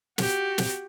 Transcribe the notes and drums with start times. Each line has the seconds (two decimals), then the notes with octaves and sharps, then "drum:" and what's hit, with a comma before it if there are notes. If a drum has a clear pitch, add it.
0.18 F#4 G4, drum: snare
0.58 drum: snare